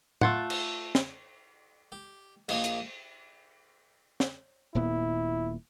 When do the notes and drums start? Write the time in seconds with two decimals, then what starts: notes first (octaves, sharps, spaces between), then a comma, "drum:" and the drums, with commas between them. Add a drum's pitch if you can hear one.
0.21 A3 F4 F#5, drum: tom A2
0.50 drum: cymbal
0.95 drum: snare
1.92 G4
2.49 A#1 A#2 A#3 D#5 G#5, drum: cymbal
2.64 drum: hi-hat
4.20 drum: snare
4.75 D#1 A#2 B3 E4